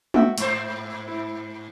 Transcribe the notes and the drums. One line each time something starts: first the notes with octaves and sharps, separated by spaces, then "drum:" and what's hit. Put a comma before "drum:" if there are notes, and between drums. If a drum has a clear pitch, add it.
F#4 E5 G5, drum: tom G#3
G#2 C5 C6 C#6, drum: hi-hat
E4